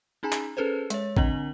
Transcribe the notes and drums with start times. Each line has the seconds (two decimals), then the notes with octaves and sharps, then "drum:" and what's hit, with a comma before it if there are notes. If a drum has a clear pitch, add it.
0.23 C#4 D#4 G#4 G#5 A#5
0.32 drum: clap
0.57 C#4 G#4 A4 B4 C5
0.90 G#3 C#5, drum: hi-hat
1.17 D3 C4 D4 D#5 F#7, drum: kick